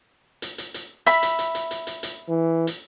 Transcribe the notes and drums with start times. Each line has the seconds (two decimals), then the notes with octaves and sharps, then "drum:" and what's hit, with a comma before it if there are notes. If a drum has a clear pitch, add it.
0.42 drum: hi-hat
0.58 drum: hi-hat
0.74 drum: hi-hat
1.06 E5 B5, drum: hi-hat
1.23 drum: hi-hat
1.39 drum: hi-hat
1.55 drum: hi-hat
1.71 drum: hi-hat
1.87 drum: hi-hat
2.03 drum: hi-hat
2.29 E3
2.67 drum: hi-hat